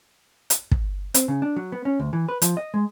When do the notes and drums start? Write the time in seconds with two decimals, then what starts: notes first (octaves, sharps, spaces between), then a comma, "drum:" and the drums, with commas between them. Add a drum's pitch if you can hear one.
0.50 drum: hi-hat
0.71 drum: kick
1.14 C4, drum: hi-hat
1.28 C#3
1.42 D4
1.56 F#3
1.72 B3
1.85 C#4
2.00 D2
2.13 E3
2.29 B4
2.42 F3, drum: hi-hat
2.57 D#5
2.74 G#3